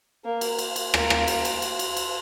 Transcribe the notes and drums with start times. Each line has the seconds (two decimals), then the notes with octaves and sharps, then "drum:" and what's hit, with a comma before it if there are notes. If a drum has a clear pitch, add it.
0.24 A#3
0.41 drum: cymbal
0.59 drum: cymbal
0.76 drum: cymbal
0.94 A#3, drum: rim click
1.10 drum: rim click
1.28 drum: cymbal
1.45 drum: cymbal
1.62 drum: cymbal
1.79 drum: cymbal
1.97 drum: cymbal